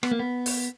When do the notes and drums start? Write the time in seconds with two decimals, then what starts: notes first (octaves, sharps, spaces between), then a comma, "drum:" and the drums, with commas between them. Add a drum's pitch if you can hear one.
0.03 B3, drum: rim click
0.11 A#3
0.19 B3
0.46 drum: open hi-hat